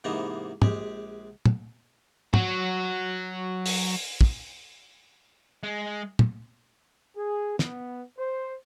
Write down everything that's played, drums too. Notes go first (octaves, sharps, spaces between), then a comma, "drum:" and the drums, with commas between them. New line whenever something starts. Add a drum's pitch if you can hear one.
G#2 C3 E3 A#3 B3 D#4
A#1 G#3 G4, drum: tom
drum: tom
F#3 F#4, drum: tom
drum: open hi-hat
drum: kick
G#3
drum: tom
G#4
B3, drum: snare
C5